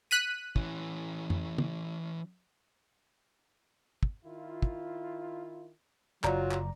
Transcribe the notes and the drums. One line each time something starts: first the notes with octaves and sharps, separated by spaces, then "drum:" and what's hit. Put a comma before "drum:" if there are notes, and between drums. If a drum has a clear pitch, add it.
F#6 B6 D#7
E3 C#4, drum: kick
drum: tom F2
drum: tom
drum: kick
D#3 E4 F4
drum: kick
F#1 F#3 F4 D5 A#5, drum: clap
drum: clap